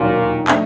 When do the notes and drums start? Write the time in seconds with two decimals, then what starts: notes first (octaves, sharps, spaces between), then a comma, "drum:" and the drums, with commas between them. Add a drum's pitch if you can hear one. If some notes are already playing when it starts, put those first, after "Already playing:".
Already playing: E1 D#2 A#2 D#3 F#3
0.48 F3 A3 D4, drum: clap